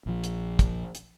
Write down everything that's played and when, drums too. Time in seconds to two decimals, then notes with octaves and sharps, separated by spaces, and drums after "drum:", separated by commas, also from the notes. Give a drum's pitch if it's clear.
0.06 A#1 F3
0.24 drum: hi-hat
0.59 drum: kick, hi-hat
0.95 drum: hi-hat